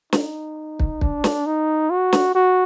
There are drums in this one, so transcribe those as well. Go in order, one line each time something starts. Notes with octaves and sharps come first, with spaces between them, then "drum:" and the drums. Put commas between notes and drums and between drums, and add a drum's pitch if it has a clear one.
D#4, drum: snare
drum: kick
D4, drum: kick
drum: snare
D#4
F#4
drum: snare
F#4